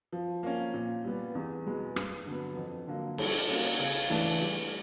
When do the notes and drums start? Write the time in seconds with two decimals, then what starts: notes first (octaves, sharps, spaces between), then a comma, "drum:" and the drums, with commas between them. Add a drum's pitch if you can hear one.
0.12 F3
0.43 A#3 C#4
0.74 A#2
1.04 G3 B3
1.35 E2
1.66 B2 G#3 B3
1.96 G2, drum: rim click
2.27 D3 F#3 B3
2.57 F2
2.87 D3 F#3 A#3
3.18 G3, drum: cymbal
3.49 A#3 C#4 F#4 A#4
3.80 C#3
4.10 E3 A3 D4
4.41 G3